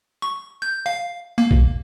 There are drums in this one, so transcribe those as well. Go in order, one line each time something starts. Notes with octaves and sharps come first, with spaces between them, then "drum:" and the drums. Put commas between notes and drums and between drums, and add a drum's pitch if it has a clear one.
C#6
G6
F5
A#3
drum: kick A#1